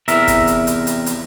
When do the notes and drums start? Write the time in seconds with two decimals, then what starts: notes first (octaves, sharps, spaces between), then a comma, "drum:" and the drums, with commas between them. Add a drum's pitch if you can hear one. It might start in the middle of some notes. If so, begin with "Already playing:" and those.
0.08 E2 C3 A#4 E5, drum: hi-hat
0.28 drum: kick, hi-hat
0.47 drum: hi-hat
0.67 drum: hi-hat
0.87 drum: hi-hat
1.06 drum: hi-hat